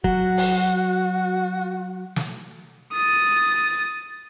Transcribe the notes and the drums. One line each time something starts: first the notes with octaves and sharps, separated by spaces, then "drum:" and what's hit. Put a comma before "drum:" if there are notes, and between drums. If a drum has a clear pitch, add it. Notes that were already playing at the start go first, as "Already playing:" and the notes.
F#3 F#4, drum: kick
drum: open hi-hat
drum: snare
D#6 A6